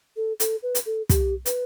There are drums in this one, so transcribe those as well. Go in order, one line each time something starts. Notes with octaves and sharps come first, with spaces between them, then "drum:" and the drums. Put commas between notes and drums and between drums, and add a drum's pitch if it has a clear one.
A4
A4, drum: hi-hat
B4
drum: hi-hat
A4
G4, drum: kick, hi-hat
B4, drum: hi-hat